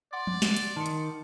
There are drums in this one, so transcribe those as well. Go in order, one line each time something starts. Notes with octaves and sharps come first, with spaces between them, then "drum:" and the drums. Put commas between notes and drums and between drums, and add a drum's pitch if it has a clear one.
D5 F#5 C6 D6
drum: tom F3
drum: snare
drum: hi-hat
D#3 A5 C6 C#7
drum: hi-hat